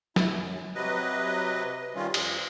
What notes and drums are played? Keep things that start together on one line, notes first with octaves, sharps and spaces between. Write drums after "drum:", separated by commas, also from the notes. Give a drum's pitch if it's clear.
E4, drum: snare
F#2
C3 F#3 B4 D#5
D#3 G3 C#4 F4
F2, drum: cymbal